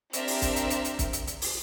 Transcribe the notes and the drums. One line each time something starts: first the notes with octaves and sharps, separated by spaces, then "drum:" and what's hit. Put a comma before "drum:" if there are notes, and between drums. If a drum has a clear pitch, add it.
C4 D4 G4 A#4 C5 E5, drum: hi-hat
drum: open hi-hat
drum: kick, hi-hat
drum: hi-hat
drum: hi-hat
drum: hi-hat
drum: kick, hi-hat
drum: hi-hat
drum: hi-hat
drum: open hi-hat